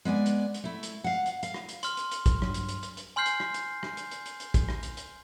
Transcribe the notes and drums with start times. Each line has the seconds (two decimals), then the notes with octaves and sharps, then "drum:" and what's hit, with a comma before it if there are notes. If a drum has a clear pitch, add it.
0.05 G#3 B3 D5 G#5
0.26 drum: hi-hat
0.54 drum: hi-hat
0.64 A3 E4
0.83 drum: hi-hat
1.04 F5 F#5
1.26 drum: hi-hat
1.43 F5, drum: hi-hat
1.54 drum: rim click
1.69 drum: hi-hat
1.83 C6 F6, drum: hi-hat
1.97 drum: hi-hat
2.11 drum: hi-hat
2.26 drum: kick A#1, hi-hat
2.42 G2 F#3, drum: rim click
2.54 drum: hi-hat
2.69 drum: hi-hat
2.83 drum: hi-hat
2.97 drum: hi-hat
3.16 G#5 C6 F6 G6 C7
3.26 drum: hi-hat
3.40 drum: rim click
3.54 drum: hi-hat
3.83 drum: rim click
3.97 drum: hi-hat
4.11 drum: hi-hat
4.26 drum: hi-hat
4.40 drum: hi-hat
4.54 drum: kick A#1, hi-hat
4.69 drum: rim click
4.83 drum: hi-hat
4.97 drum: hi-hat